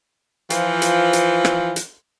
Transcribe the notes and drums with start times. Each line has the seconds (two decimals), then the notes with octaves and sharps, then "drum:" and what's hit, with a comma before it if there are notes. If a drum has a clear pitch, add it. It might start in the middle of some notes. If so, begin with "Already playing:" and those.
0.50 E3 F3, drum: hi-hat
0.82 drum: hi-hat
1.13 drum: hi-hat
1.45 drum: rim click
1.76 drum: hi-hat